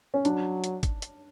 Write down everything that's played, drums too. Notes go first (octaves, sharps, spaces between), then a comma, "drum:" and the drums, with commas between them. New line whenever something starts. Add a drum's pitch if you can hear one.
C#4
F#3 D4, drum: hi-hat
drum: hi-hat
drum: kick, hi-hat
drum: hi-hat